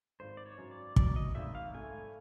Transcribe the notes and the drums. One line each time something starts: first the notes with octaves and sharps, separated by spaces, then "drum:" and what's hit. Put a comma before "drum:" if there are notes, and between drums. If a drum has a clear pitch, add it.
G#1 C5
D5
C#5
F#2
D5
F#2 D5, drum: kick
D#5
G#1 E5
F5
A3 G#5